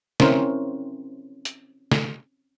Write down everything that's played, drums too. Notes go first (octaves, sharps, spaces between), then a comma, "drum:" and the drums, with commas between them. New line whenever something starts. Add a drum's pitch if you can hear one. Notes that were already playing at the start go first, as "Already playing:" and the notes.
C4 C#4 E4 A#4 C5, drum: snare
drum: hi-hat
drum: snare